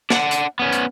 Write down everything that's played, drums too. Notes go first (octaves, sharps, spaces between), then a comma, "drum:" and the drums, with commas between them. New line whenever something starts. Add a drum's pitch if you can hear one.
D4 F#5, drum: snare
drum: hi-hat
B3 C#4
drum: hi-hat